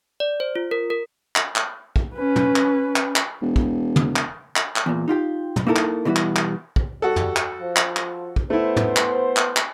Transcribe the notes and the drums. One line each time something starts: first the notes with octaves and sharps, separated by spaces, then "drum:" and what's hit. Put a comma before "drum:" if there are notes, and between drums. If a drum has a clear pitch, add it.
D5
C5
F4
A#4
A#4
drum: clap
drum: clap
drum: kick
C#4 B4
drum: tom
drum: clap
drum: clap
drum: clap
E1
drum: kick
drum: tom
drum: clap
drum: clap
drum: clap
E2 A#2
D#4 F4 G4 G5
drum: tom
A#3 D#4 E4 A4 A#4
drum: clap
B2 E3 G3 E4 F#4
drum: clap
drum: clap
drum: kick
G3 F#4 A4
drum: tom
drum: clap
F3
drum: clap
drum: clap
drum: kick
A3 B3 E4 C5
drum: tom
drum: clap
drum: clap
drum: clap